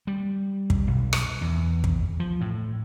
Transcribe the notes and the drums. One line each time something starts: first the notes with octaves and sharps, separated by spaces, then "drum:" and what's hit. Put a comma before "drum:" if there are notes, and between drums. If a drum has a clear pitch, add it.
G3
drum: kick
B1
drum: rim click
E2
drum: kick
F3
A2